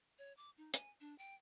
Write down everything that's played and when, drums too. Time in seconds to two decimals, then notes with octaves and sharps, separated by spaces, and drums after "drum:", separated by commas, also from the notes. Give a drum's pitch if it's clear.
0.18 C#5
0.37 D6
0.58 D#4
0.74 G#5, drum: hi-hat
1.01 D4
1.18 G5